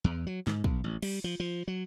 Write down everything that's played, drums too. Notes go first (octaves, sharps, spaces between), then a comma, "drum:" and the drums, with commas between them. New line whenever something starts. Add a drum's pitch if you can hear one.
E2
F#3
G#2, drum: snare
B1, drum: kick
A1
G3, drum: cymbal
F3
F3
F#3